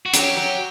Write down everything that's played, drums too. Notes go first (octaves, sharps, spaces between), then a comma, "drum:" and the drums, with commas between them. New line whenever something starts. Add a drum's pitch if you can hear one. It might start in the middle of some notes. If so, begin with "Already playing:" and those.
F#4
F#3 G4, drum: hi-hat
F#3